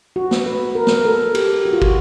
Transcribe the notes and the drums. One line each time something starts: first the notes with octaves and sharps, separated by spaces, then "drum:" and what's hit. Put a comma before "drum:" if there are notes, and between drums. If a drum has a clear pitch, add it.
F#4
drum: snare
B4
A#4
drum: snare
A4
G4, drum: cymbal
F#4
F4
F#4, drum: kick